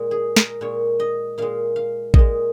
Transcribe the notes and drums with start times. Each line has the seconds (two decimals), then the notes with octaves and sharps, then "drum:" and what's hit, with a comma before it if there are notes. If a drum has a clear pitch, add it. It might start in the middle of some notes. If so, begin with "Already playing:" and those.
Already playing: A#2 G#3
0.11 G#4
0.36 A#4, drum: snare
0.61 A#2 G#3 C#5
1.00 D#5
1.38 A#2 G#3 F5
1.76 F5
2.14 A#2 G#3 D#5, drum: kick A1